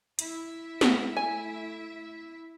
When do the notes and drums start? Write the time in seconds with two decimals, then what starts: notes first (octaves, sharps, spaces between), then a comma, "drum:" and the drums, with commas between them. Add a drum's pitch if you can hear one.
0.19 E4 E5, drum: hi-hat
0.81 A3, drum: snare
1.17 G#5